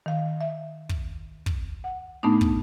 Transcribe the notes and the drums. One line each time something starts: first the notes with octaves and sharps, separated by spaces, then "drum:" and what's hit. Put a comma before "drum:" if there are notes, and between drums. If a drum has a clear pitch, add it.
D#3 F5
E5
drum: kick
drum: kick
F#5
A2 A3 B3 D4 D#4
drum: kick